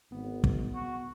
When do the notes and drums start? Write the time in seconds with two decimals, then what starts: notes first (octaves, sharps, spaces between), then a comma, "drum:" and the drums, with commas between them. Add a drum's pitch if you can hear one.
0.12 G#1 B3
0.44 drum: kick
0.75 F#4